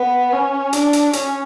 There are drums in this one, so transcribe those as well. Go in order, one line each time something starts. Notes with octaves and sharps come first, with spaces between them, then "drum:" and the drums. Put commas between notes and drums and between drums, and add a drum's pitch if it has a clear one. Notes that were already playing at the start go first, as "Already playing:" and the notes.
Already playing: B3
C#4
D4, drum: hi-hat
drum: hi-hat
C#4, drum: hi-hat